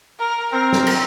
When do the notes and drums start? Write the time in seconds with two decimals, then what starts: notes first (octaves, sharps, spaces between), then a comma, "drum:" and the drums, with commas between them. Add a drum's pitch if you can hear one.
0.19 A#4
0.52 C4 A#4
0.73 drum: snare
0.87 drum: cymbal